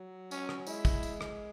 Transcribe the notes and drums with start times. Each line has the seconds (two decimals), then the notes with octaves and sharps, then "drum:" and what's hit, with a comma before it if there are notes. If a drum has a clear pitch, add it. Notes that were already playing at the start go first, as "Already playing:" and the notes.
Already playing: F#3
0.31 C#4, drum: tambourine
0.49 drum: rim click
0.67 G#3 E4, drum: tambourine
0.85 drum: kick, tambourine
1.03 drum: tambourine
1.21 drum: rim click